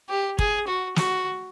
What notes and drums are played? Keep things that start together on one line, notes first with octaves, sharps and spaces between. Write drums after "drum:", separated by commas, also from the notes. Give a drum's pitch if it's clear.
G4
G#4, drum: kick
F#4
F#4, drum: snare